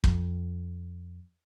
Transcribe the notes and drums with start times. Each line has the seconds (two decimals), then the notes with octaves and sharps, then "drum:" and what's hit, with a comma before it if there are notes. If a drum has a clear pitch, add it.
0.04 F2, drum: kick